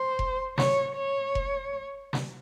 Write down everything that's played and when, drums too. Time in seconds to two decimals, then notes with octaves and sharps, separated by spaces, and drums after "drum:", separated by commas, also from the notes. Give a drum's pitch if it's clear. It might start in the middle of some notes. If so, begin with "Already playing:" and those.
Already playing: C5
0.19 drum: kick F1
0.58 C#5, drum: snare
0.96 C#5
1.35 drum: kick F1
2.13 drum: snare